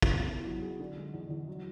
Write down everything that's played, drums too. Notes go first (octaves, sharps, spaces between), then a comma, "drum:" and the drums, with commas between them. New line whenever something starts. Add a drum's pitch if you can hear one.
drum: kick
B3
E4
F#3
G#4
D3
G#3
E2
E2
F#3